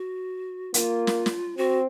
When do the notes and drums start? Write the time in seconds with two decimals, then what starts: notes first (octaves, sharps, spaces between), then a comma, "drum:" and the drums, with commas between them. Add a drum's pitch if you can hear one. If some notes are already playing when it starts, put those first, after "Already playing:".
Already playing: F#4
0.74 A#3 F4, drum: hi-hat
1.07 drum: snare
1.26 drum: snare
1.57 C4 F#4